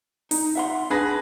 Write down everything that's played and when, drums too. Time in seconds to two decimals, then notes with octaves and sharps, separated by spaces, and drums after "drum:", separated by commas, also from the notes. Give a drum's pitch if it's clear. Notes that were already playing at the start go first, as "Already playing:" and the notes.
0.31 D#4, drum: open hi-hat
0.55 E5 F#5 C6
0.90 D4 G#4 B4 A#6